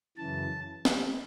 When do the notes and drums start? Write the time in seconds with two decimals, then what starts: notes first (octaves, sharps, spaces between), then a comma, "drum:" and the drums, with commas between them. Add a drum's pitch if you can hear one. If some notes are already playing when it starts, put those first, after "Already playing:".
0.17 F#2 C#3 E3 A5
0.85 drum: snare